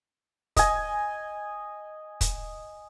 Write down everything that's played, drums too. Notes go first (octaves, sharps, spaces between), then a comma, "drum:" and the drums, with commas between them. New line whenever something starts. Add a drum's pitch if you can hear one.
D#5 G#5, drum: kick, hi-hat
drum: kick, hi-hat